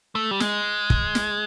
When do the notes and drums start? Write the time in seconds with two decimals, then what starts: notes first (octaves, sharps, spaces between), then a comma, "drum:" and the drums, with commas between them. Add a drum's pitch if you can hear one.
0.15 A3
0.31 G3
0.40 G#3, drum: snare
0.90 drum: kick
1.15 drum: snare